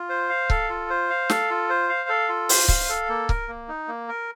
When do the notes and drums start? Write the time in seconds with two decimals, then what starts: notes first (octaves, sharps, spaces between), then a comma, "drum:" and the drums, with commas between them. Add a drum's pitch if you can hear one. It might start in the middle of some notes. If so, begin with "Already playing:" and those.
Already playing: F4
0.09 C5
0.29 F5
0.50 A4, drum: kick C#1
0.70 F4
0.90 C5
1.10 F5
1.30 A4, drum: snare
1.50 F4
1.69 C5
1.89 F5
2.09 A4
2.29 F4
2.49 C5, drum: open hi-hat
2.68 F5, drum: kick C#1
2.89 A4
3.09 A#3
3.29 A#4, drum: kick C#1
3.48 A#3
3.68 D#4
3.88 A#3
4.08 A#4